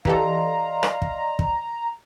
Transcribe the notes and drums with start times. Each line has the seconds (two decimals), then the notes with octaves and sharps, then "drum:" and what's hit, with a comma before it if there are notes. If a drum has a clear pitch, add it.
0.05 E3 G4 A4 D5 D#5 F5 A#5 C6, drum: kick
0.83 drum: rim click
1.02 drum: kick
1.39 drum: kick